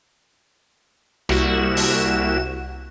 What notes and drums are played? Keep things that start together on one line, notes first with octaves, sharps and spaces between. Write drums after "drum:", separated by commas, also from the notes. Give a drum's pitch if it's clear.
C2 G3 A#3 E4 F#4 E7, drum: snare
drum: open hi-hat